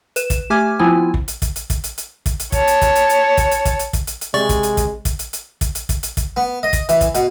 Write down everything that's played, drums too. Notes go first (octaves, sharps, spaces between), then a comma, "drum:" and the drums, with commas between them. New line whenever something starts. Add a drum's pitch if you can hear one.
B4 E7, drum: hi-hat
drum: kick, hi-hat
A3 G4 G#5 D6 F6 G#6
F3 B3 C4 E4 F4 G#5
drum: kick
drum: hi-hat
drum: kick, hi-hat
drum: hi-hat
drum: kick, hi-hat
drum: hi-hat
drum: hi-hat
drum: kick, hi-hat
drum: hi-hat
C#5 A5, drum: kick, hi-hat
drum: hi-hat
drum: kick, hi-hat
drum: hi-hat
drum: hi-hat
drum: kick, hi-hat
drum: hi-hat
drum: kick, hi-hat
drum: hi-hat
drum: kick, hi-hat
drum: hi-hat
drum: hi-hat
C3 G#3 D5 C#6
drum: kick, hi-hat
drum: hi-hat
drum: kick, hi-hat
drum: kick, hi-hat
drum: hi-hat
drum: hi-hat
drum: kick, hi-hat
drum: hi-hat
drum: kick, hi-hat
drum: hi-hat
drum: kick, hi-hat
B3
D#5
drum: kick, hi-hat
E3, drum: hi-hat
drum: kick, hi-hat
B2, drum: hi-hat